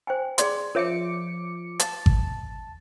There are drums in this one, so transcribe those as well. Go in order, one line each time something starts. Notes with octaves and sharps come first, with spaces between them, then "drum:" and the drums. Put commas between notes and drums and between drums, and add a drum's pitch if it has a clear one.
C5 G5 G#5
G#4 D5 C6, drum: hi-hat
F3 A#4 C#5 E5 D6 C#7
A5, drum: hi-hat
drum: kick G#1